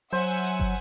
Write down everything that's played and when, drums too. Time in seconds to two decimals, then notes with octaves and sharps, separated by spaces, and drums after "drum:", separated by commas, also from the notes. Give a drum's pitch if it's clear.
0.13 F#3 C5 E5 F#5 G#5
0.44 drum: hi-hat
0.60 drum: kick